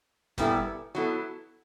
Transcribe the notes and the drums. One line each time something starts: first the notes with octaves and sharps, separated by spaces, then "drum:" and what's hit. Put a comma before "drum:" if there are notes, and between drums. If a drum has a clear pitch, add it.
A#2 G3 B3 E4 A4, drum: snare G1
F#3 B3 E4 A4